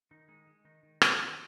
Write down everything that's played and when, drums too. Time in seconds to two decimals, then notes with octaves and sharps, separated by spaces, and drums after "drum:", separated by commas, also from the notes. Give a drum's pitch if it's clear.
0.11 D#3 D#4
0.28 G#3 D#4
0.47 G#3
0.65 D#3 D#4
0.83 D#3
1.02 D#3 F4, drum: rim click
1.20 C4